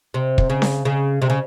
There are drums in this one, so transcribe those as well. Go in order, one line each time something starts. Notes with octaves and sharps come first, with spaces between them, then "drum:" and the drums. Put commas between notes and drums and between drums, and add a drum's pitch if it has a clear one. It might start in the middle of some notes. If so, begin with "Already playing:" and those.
C3
drum: kick
C#3
drum: snare C#4
C#3
C3
C#3